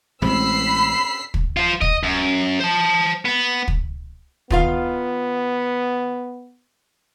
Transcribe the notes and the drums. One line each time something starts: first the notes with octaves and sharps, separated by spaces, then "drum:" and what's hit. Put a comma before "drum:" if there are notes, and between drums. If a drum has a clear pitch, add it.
A1 G#3 C4 B5 E6 B6 C7
drum: kick
F4 C5
D#5, drum: kick
F#2
C5 A5
B3
drum: kick
D#3 B3 F4 F5, drum: kick